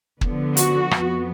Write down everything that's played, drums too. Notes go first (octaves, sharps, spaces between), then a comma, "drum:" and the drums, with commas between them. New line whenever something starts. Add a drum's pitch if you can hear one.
D3 F3 B3, drum: kick
F#4, drum: hi-hat
F2 F3 B3, drum: rim click